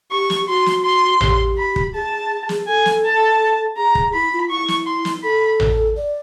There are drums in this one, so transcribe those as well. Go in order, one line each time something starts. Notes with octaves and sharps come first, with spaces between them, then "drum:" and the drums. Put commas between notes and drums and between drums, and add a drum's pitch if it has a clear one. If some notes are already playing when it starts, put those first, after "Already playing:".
G4 C#6
drum: snare
F#4 C6
drum: snare
C6
G4, drum: tom A1
B5
drum: kick
G#4 A5
drum: snare
A4 G#5
drum: snare
A5
G#4 A#5
drum: kick
E4 B5
F4
E4 C#6
drum: snare
C6
drum: snare
A4 B5
drum: tom A1
D5